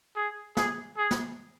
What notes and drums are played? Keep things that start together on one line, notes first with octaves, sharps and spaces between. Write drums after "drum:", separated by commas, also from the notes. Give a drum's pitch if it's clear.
G#4
G#4, drum: snare
G#4
drum: snare